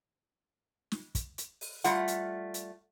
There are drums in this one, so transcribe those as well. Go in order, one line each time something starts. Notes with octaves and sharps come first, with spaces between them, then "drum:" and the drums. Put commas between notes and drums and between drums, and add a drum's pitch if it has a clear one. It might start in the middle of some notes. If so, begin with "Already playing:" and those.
drum: snare
drum: kick, hi-hat
drum: hi-hat
drum: open hi-hat
G3 A3 F4 F#5, drum: hi-hat
drum: hi-hat
drum: hi-hat